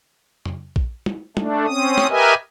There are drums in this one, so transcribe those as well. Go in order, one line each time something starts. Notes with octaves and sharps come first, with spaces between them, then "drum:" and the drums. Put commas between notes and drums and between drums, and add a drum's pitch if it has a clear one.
drum: tom
drum: kick A#1
drum: tom
A3 D4, drum: tom
C4 C#4 D#6
drum: snare
G4 A#4 B4 D#5 E5 G#5